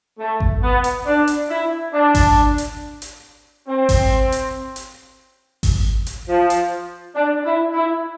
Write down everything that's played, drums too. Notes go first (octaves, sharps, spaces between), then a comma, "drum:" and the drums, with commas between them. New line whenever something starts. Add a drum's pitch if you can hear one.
A3
drum: kick G#1
B3
drum: hi-hat
D4
drum: hi-hat
E4
D4
drum: kick G#1, open hi-hat
drum: hi-hat
drum: hi-hat
C4
drum: kick G#1, open hi-hat
drum: hi-hat
drum: hi-hat
drum: kick G#1, open hi-hat
drum: hi-hat
F3
drum: hi-hat
D4
E4
E4